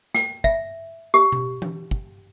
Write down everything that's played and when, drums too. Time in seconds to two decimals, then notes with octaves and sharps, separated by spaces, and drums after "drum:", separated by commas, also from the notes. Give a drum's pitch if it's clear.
0.15 G5, drum: snare
0.44 E5, drum: kick
1.14 G4
1.32 drum: tom B2
1.62 drum: tom E3
1.91 drum: kick